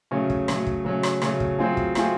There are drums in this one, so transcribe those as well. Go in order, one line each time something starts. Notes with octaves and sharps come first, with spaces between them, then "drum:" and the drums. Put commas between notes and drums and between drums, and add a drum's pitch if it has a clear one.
C#3 F#3 A3 C#4
drum: kick
C#3 F#3 A3 C#4, drum: rim click
drum: kick
C#3 F#3 A3 C#4
drum: rim click
C#3 F#3 A3 C#4, drum: rim click
drum: kick
F#3 A3 C4 F4 G#4
drum: kick
F#3 A3 C4 F4 G#4, drum: rim click